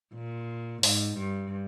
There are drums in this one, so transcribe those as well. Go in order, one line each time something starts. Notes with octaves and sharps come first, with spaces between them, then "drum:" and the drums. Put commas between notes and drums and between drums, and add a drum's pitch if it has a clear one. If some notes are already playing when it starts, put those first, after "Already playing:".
A#2
G#2, drum: open hi-hat
G2